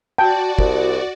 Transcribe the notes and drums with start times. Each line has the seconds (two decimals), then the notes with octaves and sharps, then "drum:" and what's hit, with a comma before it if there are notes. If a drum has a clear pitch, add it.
0.18 F#4 D5 G5 A5
0.59 C2, drum: kick